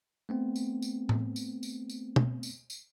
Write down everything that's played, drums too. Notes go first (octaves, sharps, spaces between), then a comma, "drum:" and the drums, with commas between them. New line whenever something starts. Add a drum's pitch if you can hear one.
A3 B3 C4
drum: tambourine
drum: tambourine
drum: tom A2
drum: tambourine
drum: tambourine
drum: tambourine
drum: tom
drum: tambourine
drum: tambourine